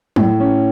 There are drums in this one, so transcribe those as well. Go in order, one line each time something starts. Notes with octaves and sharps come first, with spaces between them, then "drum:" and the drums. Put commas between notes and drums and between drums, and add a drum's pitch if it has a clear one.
A2, drum: tom
C#4